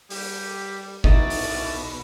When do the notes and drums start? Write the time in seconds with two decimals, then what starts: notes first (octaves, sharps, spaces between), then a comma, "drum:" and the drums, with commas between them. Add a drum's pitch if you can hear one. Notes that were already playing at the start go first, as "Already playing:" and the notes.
0.10 G3 G4, drum: open hi-hat
1.04 B2 D#4 E4 D5 D#5, drum: kick
1.30 drum: open hi-hat